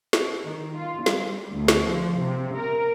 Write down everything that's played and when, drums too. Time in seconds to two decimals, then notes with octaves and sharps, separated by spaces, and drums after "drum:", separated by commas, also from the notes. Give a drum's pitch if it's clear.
0.13 drum: snare
0.45 D#3
0.77 F4
1.06 G3, drum: snare
1.54 D2
1.68 drum: snare
1.88 F3
2.20 C3
2.57 A#4